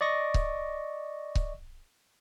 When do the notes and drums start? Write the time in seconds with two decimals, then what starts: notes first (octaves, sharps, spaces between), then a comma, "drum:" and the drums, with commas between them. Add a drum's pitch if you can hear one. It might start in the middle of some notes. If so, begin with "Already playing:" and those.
0.01 D5 D#5 C#6 A#6
0.34 drum: kick C#1
1.35 drum: kick C#1